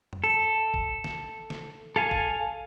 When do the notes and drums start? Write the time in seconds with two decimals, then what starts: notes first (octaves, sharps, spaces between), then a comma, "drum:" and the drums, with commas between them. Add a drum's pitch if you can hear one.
0.13 drum: tom F2
0.24 A4
0.74 drum: kick
1.04 drum: snare
1.50 drum: snare
1.96 A4 F5 G#5
2.11 drum: kick